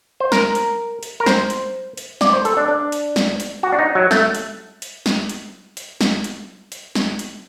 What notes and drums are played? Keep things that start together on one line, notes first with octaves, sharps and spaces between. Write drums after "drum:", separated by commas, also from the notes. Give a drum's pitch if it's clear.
C5
A#4, drum: snare
drum: hi-hat
drum: hi-hat
A#4
C5, drum: snare
drum: hi-hat
drum: hi-hat
D5, drum: snare
C5
A4, drum: hi-hat
D4
D4
drum: hi-hat
drum: snare
drum: hi-hat
F#4
D4
D#4
F#3
A3, drum: snare
drum: hi-hat
drum: hi-hat
drum: snare
drum: hi-hat
drum: hi-hat
drum: snare
drum: hi-hat
drum: hi-hat
drum: snare
drum: hi-hat